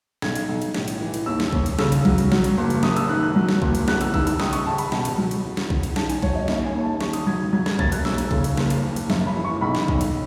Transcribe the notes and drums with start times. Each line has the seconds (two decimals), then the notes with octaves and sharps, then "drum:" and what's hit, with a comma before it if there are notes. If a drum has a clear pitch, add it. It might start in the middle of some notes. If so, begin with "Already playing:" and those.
0.22 B1 G#6, drum: snare
0.35 drum: cymbal
0.49 B1
0.62 drum: cymbal
0.74 A2, drum: snare
0.88 drum: cymbal
1.00 E3
1.14 drum: cymbal
1.26 D#2 E6
1.40 drum: snare
1.53 D#2, drum: kick B1
1.66 drum: cymbal
1.79 C#3 E6, drum: snare
1.92 drum: cymbal
2.05 F#3, drum: kick B1
2.18 drum: cymbal
2.32 F#3, drum: snare
2.44 drum: cymbal
2.58 F#1
2.70 drum: cymbal
2.83 F#2 D#6, drum: snare
2.96 E6, drum: cymbal
3.09 D#3 F#6
3.23 F#6
3.36 F#3
3.49 drum: snare
3.62 F#1, drum: kick B1
3.75 drum: cymbal
3.88 E2 F#6, drum: snare
4.01 E6, drum: cymbal
4.14 D#3 E6, drum: kick B1
4.27 E6, drum: cymbal
4.40 C#2 D#6, drum: snare
4.53 C#6, drum: cymbal
4.66 C#2 A5
4.78 B5, drum: cymbal
4.92 B2, drum: snare
5.05 drum: cymbal
5.18 F#3
5.31 drum: cymbal
5.44 E2
5.57 drum: snare
5.70 E2, drum: kick B1
5.83 drum: cymbal
5.96 D#3 A5, drum: snare
6.10 G#5, drum: cymbal
6.22 F#3 C#5, drum: kick B1
6.35 D#5
6.48 D#2 E5, drum: snare
6.65 G#5
6.75 D#2
6.84 A5
7.01 D#3 C#6, drum: snare
7.13 D#6, drum: cymbal
7.27 F#3 G#6
7.53 F#3 G#6
7.66 G#6, drum: snare
7.79 E1 A6, drum: kick B1
7.92 F#6, drum: cymbal
8.05 D#2 E6, drum: snare
8.18 drum: cymbal
8.31 C#3, drum: kick B1
8.44 drum: cymbal
8.57 F#1, drum: snare
8.70 drum: cymbal
8.83 F#1
8.96 drum: cymbal
9.10 F#2, drum: snare
9.27 B5
9.36 E3
9.44 C#6
9.61 B1 B5
9.75 drum: snare
9.88 B1, drum: kick B1
10.01 drum: cymbal